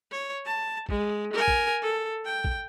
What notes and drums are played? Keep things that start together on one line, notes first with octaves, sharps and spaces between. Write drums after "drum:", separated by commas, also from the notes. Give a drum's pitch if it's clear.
C#5
A5
G#3, drum: kick
A#4 G#5
drum: kick
A4
G5
drum: kick